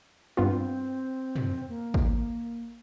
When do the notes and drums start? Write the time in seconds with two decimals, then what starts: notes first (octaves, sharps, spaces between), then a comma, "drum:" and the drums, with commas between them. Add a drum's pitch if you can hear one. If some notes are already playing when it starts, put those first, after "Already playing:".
0.37 G2 B3 C4 F4
1.36 drum: tom
1.69 A#3
1.94 drum: kick G#1